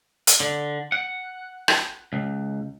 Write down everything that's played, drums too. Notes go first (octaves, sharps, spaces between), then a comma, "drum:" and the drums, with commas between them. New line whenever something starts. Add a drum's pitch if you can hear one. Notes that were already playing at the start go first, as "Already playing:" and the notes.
drum: hi-hat
D3
F#5
drum: rim click
C#2